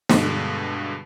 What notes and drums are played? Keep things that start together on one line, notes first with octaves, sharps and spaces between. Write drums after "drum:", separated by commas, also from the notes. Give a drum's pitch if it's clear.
G2 B2 D3 G#3, drum: snare